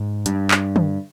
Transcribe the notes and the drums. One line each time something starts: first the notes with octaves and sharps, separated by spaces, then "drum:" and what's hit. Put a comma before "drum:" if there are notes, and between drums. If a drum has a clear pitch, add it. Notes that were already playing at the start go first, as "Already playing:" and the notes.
Already playing: G#2 G#3
G2, drum: hi-hat
drum: clap
drum: tom